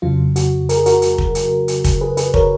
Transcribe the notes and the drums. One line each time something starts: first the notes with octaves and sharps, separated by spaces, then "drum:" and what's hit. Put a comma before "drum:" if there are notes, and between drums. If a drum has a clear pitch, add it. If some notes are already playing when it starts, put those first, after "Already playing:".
F2 C#3 F#3 F4
F#4, drum: hi-hat
A#4, drum: hi-hat
G#4
F#4 A#4, drum: hi-hat
drum: hi-hat
drum: kick
drum: hi-hat
drum: hi-hat
drum: kick, hi-hat
G#4 B4
G#4 B4, drum: hi-hat
A#4 C#5, drum: kick